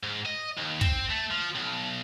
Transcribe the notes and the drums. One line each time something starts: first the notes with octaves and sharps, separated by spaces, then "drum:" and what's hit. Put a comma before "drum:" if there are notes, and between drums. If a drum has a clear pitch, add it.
G#2
D#5
D#2
C4, drum: kick
A3
F3
B1